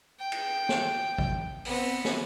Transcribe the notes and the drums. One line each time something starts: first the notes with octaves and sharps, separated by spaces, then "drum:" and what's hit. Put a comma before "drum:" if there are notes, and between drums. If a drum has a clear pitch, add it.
G5
drum: cymbal
drum: snare
drum: kick G#1
B3 C4, drum: open hi-hat
drum: snare